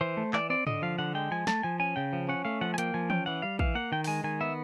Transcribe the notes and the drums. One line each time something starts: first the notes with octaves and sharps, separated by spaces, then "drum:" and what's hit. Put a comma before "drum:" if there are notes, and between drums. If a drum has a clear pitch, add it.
E3 C5
A3
E3 D5, drum: clap
C4 D5
D3 D#5, drum: tom
F3 F5
D3 F#5
G#3 G5
F3 G#5
A3 A5, drum: snare
F3 G#5
C#4 G#5
C#3 G5
F3
C#4 F#5
A3 F5
F3 F#5
G#5
A#3 G5, drum: hi-hat
F3 G#5
C#4 G5, drum: tom
E3 F#5
G3 F5
E3 F5, drum: kick
A#3 F#5
D#3 G5
G5, drum: open hi-hat
G#3 G#5
D#3 G#5
B3 E5